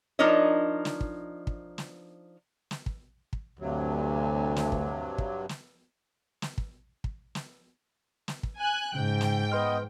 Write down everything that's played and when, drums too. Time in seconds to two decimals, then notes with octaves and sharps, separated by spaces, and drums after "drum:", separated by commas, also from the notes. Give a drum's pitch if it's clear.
0.19 F3 D4 D#4 A#4 C#5 D#5
0.85 drum: snare
1.01 drum: kick
1.47 drum: kick
1.78 drum: snare
2.71 drum: snare
2.86 drum: kick
3.33 drum: kick
3.60 D2 G2 C3 F#3
4.56 drum: snare
4.72 drum: kick
5.18 drum: kick
5.49 drum: snare
6.42 drum: snare
6.58 drum: kick
7.04 drum: kick
7.35 drum: snare
8.28 drum: snare
8.43 drum: kick
8.58 G#5 F#6
8.95 G#2 C#3 G5
9.21 drum: snare
9.52 B3 B4 D#5 C6 F6